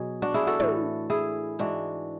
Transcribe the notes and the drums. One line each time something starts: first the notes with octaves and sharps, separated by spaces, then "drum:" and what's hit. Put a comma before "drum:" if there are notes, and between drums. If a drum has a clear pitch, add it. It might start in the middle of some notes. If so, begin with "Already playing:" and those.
Already playing: B2 F#3 G#4
D4 F#4
E4 G#4
F#4 A4
A2 E3, drum: tom
E4 G#4
G#2 E3 D4 F#4, drum: hi-hat